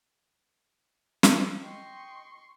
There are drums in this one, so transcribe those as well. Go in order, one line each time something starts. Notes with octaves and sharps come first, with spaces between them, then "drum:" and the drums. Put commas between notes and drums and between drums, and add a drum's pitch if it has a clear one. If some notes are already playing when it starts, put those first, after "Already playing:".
drum: snare
D#5 G5 C6 C#6